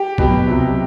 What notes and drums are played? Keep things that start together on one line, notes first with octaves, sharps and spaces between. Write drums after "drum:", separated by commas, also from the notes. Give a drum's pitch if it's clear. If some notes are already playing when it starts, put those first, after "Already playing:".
Already playing: G4
B2 F#3, drum: kick
C3 F#3